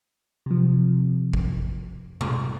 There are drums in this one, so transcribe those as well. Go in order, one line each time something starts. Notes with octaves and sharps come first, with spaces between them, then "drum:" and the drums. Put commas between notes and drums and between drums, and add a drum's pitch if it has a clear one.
C3 F3
drum: kick
drum: tom A#2